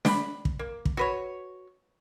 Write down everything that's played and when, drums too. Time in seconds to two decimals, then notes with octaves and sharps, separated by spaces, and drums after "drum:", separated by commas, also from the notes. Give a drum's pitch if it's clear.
0.05 D4 G5 B5, drum: snare
0.45 drum: kick
0.59 A#3
0.85 drum: kick
0.97 F#4 B4 C#5